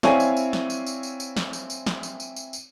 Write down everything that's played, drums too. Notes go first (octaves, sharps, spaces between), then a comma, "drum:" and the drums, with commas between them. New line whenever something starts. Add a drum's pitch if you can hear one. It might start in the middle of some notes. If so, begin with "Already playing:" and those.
C4 E4 C#5 D5 F5 G#5, drum: snare
drum: tambourine
drum: tambourine
drum: snare
drum: tambourine
drum: tambourine
drum: tambourine
drum: tambourine
drum: snare
drum: tambourine
drum: tambourine
drum: snare
drum: tambourine
drum: tambourine
drum: tambourine
drum: tambourine